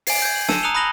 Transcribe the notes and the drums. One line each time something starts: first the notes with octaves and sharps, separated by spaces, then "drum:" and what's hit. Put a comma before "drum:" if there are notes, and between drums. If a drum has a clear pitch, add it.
G#5 C7, drum: open hi-hat
G6 G#6
F#7
A5 E6 C#7 D#7 E7, drum: snare
A#5 D#6 F#6 C#7 F7 G7
B5 D#6 F#6 A#6 F#7 G7